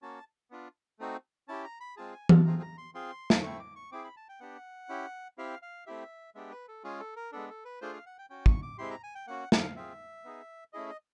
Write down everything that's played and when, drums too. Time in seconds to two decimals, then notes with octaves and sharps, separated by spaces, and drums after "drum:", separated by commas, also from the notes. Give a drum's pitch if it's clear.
0.02 A#3 C#4 F#4 A5
0.51 B3 D4 F4
0.99 A3 C4 D#4 F#4
1.48 C#4 E4 G4 A5
1.64 A#5
1.80 B5
1.96 G#3 C4 F4 G#4 A5
2.13 G#5
2.29 A5, drum: tom E3
2.45 A3 C4 F4 G#4 A#5
2.62 A#5
2.78 C6
2.95 C4 F4 G#4 C6
3.30 drum: snare
3.42 A3 C4 E4 C#6
3.59 D6
3.76 C#6
3.92 C4 E4 G#4 D6
4.04 B5
4.17 A5
4.29 G5
4.40 B3 D4 G4 F#5
4.89 C#4 E4 G4
5.38 C4 E4 G4 F5
5.62 F5
5.86 A3 C4 E4 G4 E5
6.35 G#3 B3 D4 G4 E5
6.52 B4
6.68 A4
6.84 G#3 C#4 F4 G#4
7.00 A4
7.16 A#4
7.32 G#3 B3 D4 A4
7.49 A4
7.65 B4
7.81 A3 D4 F4 G#4 C5
7.94 F5
8.06 F#5
8.18 G5
8.30 C#4 F#4 G5
8.46 C#6, drum: kick
8.62 D6
8.78 G#3 C4 E4 G4 C6
8.91 A#5
9.03 G#5
9.15 G5
9.27 A#3 C#4 F#4 F#5
9.52 F5, drum: snare
9.76 C4 F4 G#4 E5
10.24 B3 D#4 G#4
10.73 A3 C#4 E4 G#4 D#5
10.90 D#5